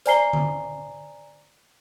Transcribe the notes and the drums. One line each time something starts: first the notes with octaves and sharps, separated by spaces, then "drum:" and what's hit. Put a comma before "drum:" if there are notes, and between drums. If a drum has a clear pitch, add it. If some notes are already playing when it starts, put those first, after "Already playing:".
C5 D5 G#5 A#5 C7 G7, drum: hi-hat
drum: tom D3